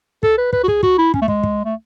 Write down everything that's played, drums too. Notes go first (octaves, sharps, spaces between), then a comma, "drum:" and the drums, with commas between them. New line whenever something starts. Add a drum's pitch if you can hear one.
A4, drum: kick
B4
B4, drum: kick
F#4
G#4, drum: kick
F#4, drum: kick
E4
C#4, drum: kick
A3
G#3, drum: kick
drum: kick
A3